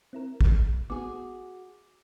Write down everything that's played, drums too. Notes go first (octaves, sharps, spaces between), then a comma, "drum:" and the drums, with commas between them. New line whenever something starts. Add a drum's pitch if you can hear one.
C4 E4 A#4
drum: kick
B3 F#4 G#4 D6